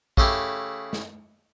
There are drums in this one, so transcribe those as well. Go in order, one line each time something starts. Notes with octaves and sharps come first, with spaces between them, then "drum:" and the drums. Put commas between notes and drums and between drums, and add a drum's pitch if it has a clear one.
C#3 A3 E4 G4, drum: kick
drum: snare